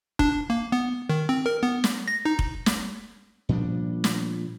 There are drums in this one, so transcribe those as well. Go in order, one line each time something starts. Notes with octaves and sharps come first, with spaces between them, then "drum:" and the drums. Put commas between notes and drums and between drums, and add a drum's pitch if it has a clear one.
D4, drum: kick F1
A#3
B3
D#3
C4
A#4
B3
drum: snare
A#6
D#4
drum: kick F1
drum: snare
A#2 F3 G3 D4
drum: snare